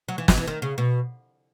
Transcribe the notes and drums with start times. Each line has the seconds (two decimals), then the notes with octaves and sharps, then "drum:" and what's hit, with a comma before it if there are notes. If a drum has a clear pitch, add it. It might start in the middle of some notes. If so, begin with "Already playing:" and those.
0.08 F#3
0.18 E3
0.28 F#3, drum: snare
0.37 E3
0.47 D#3
0.62 C#3
0.78 B2